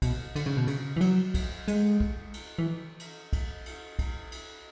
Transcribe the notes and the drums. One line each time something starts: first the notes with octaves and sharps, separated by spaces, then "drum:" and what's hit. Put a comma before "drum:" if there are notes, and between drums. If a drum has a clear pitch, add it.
B2, drum: kick, cymbal
D3, drum: cymbal
C#3
B2
C#3, drum: cymbal
E3
F#3, drum: cymbal
drum: kick, cymbal
G#3, drum: cymbal
drum: kick
drum: cymbal
E3
drum: cymbal
drum: kick, cymbal
drum: cymbal
drum: kick, cymbal
drum: cymbal